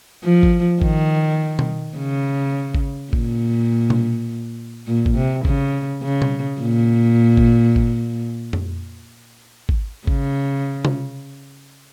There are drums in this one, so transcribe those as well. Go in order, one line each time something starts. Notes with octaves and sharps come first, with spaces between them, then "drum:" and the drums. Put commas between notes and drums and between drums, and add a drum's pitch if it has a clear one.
F3
drum: kick G#1
D#3, drum: kick G#1
drum: tom B2
C#3
drum: kick G#1
A#2, drum: kick G#1
drum: tom B2
A#2
drum: kick G#1
C3
C#3, drum: kick G#1
C#3
drum: tom B2
A#2
drum: kick G#1
drum: kick G#1
drum: tom F2
drum: kick G#1
C#3, drum: kick G#1
drum: tom C3